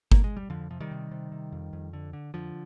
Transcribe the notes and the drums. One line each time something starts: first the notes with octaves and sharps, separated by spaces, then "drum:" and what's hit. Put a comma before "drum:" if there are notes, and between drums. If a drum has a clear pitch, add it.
A#3, drum: kick G1
G#3
G3
F2 D3 F3
C3 F3
D#3 G3
C3
C3
C3
F2
F2
D3
D3
F2 D3 F3